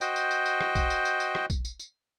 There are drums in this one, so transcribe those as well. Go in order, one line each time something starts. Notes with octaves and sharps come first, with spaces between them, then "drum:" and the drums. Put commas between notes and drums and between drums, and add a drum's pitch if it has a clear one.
F#4 C5 D#5 G5, drum: tambourine
drum: tambourine
drum: tambourine
drum: tambourine
drum: rim click
drum: kick A#1, tambourine
drum: tambourine
drum: tambourine
drum: tambourine
drum: rim click
drum: kick A#1, tambourine
drum: tambourine
drum: tambourine